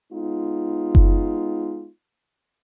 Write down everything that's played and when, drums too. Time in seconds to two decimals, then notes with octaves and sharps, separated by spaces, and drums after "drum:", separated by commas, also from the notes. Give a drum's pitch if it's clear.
0.12 G#3 B3 D#4 F4
0.95 drum: kick F#1